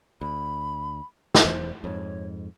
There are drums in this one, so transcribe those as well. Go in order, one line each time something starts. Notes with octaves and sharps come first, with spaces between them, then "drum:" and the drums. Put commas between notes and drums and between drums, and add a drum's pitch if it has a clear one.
D2 B5
drum: snare
E1 E2 E3 C5
F2 G#2 C#5